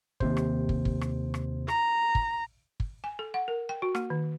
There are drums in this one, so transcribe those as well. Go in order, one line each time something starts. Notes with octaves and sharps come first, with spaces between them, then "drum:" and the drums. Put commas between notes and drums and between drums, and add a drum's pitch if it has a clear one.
D#2 C3 C5, drum: kick
drum: rim click
drum: kick
drum: kick
drum: rim click
drum: rim click
A#5, drum: rim click
drum: kick
drum: kick
G#5
A4
F#5
A#4
G5
F#4
A#3, drum: rim click
D#3